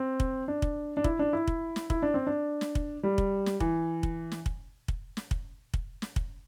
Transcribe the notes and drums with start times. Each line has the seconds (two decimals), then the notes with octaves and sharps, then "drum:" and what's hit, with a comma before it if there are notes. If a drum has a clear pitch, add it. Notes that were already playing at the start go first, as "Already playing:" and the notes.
Already playing: C4
0.20 drum: kick
0.48 D4
0.62 drum: kick
0.97 D4
1.04 E4, drum: kick
1.19 D4
1.33 E4
1.47 drum: kick
1.76 drum: snare
1.90 E4, drum: kick
2.02 D4
2.14 C4
2.27 D4
2.61 drum: snare
2.75 drum: kick
3.03 G3
3.18 drum: kick
3.46 drum: snare
3.60 E3, drum: kick
4.03 drum: kick
4.32 drum: snare
4.46 drum: kick
4.88 drum: kick
5.17 drum: snare
5.31 drum: kick
5.74 drum: kick
6.02 drum: snare
6.16 drum: kick